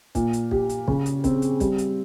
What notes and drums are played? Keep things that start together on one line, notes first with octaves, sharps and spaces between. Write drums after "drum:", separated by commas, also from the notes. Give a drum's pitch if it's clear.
A#2, drum: kick, hi-hat
drum: hi-hat
G4, drum: kick
drum: hi-hat
C#3, drum: kick
drum: hi-hat
C4, drum: kick, hi-hat
drum: hi-hat
G3, drum: kick, hi-hat
drum: hi-hat